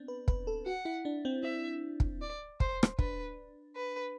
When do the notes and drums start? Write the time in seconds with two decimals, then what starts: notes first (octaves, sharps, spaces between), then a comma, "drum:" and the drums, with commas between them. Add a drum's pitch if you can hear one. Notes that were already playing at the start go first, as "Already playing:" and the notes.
Already playing: B3 C4 D4
0.08 B4
0.28 B4, drum: kick
0.47 A4
0.66 F#4 F#5
0.85 E4
1.05 D4
1.25 C4
1.43 C4 E5
2.00 drum: kick
2.22 D5
2.60 C5, drum: kick
2.83 drum: rim click
2.98 D4 B4, drum: kick
3.76 B4